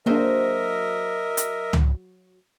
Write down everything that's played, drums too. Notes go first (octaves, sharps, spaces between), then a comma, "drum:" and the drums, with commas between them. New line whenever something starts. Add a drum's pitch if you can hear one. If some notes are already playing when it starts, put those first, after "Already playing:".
F#3 A#3 D4 G#4 A#4 C5 D#5 E5
drum: hi-hat
drum: tom C#2